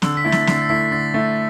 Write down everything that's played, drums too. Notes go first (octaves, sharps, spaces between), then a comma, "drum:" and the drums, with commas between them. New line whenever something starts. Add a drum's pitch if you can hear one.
D3 E6, drum: snare
B6
A3 E4 A6
B6, drum: snare
D3 C7, drum: snare
A6
A3 E4 B6
D3 A6
A3 E4